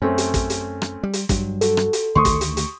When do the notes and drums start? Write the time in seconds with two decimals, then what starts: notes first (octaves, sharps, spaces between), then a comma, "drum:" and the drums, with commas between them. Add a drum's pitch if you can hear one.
0.02 F#2 A3 C4 C#4
0.18 drum: hi-hat
0.34 drum: kick, hi-hat
0.50 drum: hi-hat
0.82 drum: rim click
1.03 G3
1.13 drum: hi-hat
1.29 G2 F#3, drum: kick, hi-hat
1.61 F#4 A4, drum: hi-hat
1.77 drum: rim click
1.93 drum: hi-hat
2.15 D2 D#3 A3 C6 C#6 D#6
2.25 drum: kick, hi-hat
2.41 drum: hi-hat
2.57 drum: hi-hat